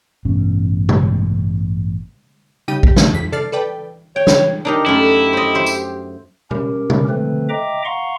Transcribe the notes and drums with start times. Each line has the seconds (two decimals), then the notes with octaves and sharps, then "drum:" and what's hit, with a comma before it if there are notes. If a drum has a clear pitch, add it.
0.25 A1 G2 B2 C#4
0.89 drum: tom B2
2.68 C#3 G3 D#4 G4 G5 D#7
2.83 G4, drum: kick A#1
2.96 C3 D#3 G3 A3, drum: snare
3.13 F2 B6
3.32 C3 A4 D5 F6 A6 C7
3.52 A4 B4 D5 G5
4.16 C#5 G5
4.27 drum: snare
4.65 D4 D#4 G4 A#4
4.86 F#2 A3 E4 G4
5.33 C5 D#5
5.55 C5 E5
5.66 drum: tambourine
6.51 C#4 G4 A#4, drum: tom B2
6.90 drum: tom B2
7.09 D3 F3 A3 C4 B4
7.49 D#5 E5 G5 A#5 D6
7.85 F5 F#5 A#5 C6 C#6